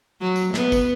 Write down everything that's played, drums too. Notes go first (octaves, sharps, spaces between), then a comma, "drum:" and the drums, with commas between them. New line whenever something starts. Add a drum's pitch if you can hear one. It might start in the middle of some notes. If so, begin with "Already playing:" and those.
F#3
drum: tambourine
B3, drum: snare
drum: kick, tambourine